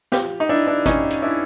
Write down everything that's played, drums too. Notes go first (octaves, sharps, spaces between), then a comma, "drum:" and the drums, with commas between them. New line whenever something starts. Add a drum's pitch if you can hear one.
F4 G4, drum: snare
D#4
D4 E4
D4 E4
C#4 D#4, drum: kick G#1, hi-hat
drum: hi-hat
D4 E4